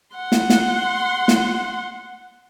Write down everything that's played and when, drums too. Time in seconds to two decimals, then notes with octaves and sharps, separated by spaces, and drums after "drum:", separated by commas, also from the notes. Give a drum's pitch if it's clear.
0.15 F#5 C6
0.32 drum: snare
0.50 drum: snare
1.28 drum: snare